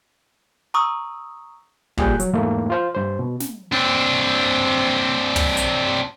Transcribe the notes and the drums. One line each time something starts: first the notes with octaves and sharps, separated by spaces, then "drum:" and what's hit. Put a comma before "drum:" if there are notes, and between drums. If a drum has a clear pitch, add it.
A#5 C#6 D#6 E6
A#2 G3 G#4 F#6 G6, drum: kick
F#3, drum: hi-hat
E2 G#2 A3 A#3
F4 C5 F5
G2 C5
B2
drum: snare
C4 D4
drum: tom
drum: hi-hat